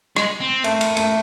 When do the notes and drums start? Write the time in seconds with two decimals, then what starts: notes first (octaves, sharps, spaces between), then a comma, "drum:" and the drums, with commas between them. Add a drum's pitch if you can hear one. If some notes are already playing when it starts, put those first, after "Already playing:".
0.16 G#3, drum: rim click
0.41 C4
0.64 A3, drum: cymbal
0.81 drum: cymbal
0.97 A3, drum: cymbal